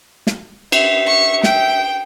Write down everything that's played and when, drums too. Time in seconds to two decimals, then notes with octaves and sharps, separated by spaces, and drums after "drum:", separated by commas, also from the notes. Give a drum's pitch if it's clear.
0.27 drum: snare
0.72 E5, drum: cymbal
1.06 C#6
1.44 G5, drum: snare